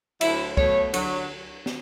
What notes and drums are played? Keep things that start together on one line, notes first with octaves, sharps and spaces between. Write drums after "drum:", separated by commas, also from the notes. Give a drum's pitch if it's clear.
D2 D3 F#3 E4, drum: cymbal
B2 A3 C#5, drum: kick
D3 F#3, drum: cymbal
drum: snare